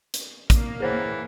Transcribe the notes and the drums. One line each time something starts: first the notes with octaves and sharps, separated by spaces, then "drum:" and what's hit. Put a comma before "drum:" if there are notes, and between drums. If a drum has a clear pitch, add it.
drum: hi-hat
A#3, drum: kick, hi-hat
E3 G#4 C5 C#5